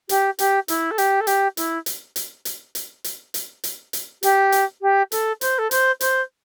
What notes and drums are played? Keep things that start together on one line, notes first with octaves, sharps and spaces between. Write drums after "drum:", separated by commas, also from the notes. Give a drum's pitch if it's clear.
G4, drum: hi-hat
G4, drum: hi-hat
E4, drum: hi-hat
A4
G4, drum: hi-hat
A4
G4, drum: hi-hat
E4, drum: hi-hat
drum: hi-hat
drum: hi-hat
drum: hi-hat
drum: hi-hat
drum: hi-hat
drum: hi-hat
drum: hi-hat
drum: hi-hat
G4, drum: hi-hat
drum: hi-hat
G4
A4, drum: hi-hat
C5, drum: hi-hat
A4
C5, drum: hi-hat
C5, drum: hi-hat